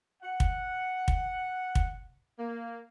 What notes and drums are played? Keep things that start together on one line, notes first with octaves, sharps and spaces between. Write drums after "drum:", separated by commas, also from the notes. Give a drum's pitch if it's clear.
F#5
drum: kick
drum: kick
drum: kick
A#3